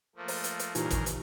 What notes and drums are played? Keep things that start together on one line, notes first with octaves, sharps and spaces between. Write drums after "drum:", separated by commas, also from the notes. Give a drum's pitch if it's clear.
F3 A3 A#3
drum: open hi-hat
drum: hi-hat
drum: hi-hat
G2 A#2 C#3 E3 D#4 F4 G4 A#4, drum: hi-hat
drum: kick, hi-hat
drum: hi-hat